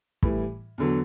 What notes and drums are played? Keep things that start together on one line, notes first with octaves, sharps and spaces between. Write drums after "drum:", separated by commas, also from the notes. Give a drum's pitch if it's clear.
A2 E3 G3, drum: kick
E2 D3 F#3